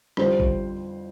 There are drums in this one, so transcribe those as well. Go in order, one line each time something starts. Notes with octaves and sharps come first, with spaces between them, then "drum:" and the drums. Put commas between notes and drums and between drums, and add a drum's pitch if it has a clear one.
F2 D3 G3 C5, drum: rim click
drum: kick A1